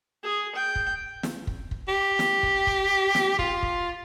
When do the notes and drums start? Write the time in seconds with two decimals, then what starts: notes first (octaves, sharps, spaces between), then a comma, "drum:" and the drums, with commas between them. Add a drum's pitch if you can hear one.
0.23 G#4
0.55 G5
0.75 drum: kick
1.23 drum: snare
1.47 drum: kick
1.71 drum: kick
1.88 G4
2.19 drum: snare
2.43 drum: kick
2.67 drum: kick
3.15 drum: snare
3.39 F4, drum: kick
3.63 drum: kick